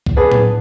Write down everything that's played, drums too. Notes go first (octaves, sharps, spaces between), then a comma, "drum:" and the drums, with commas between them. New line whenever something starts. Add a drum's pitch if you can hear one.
drum: kick C2
B3 D4 G#4 B4
drum: tom A2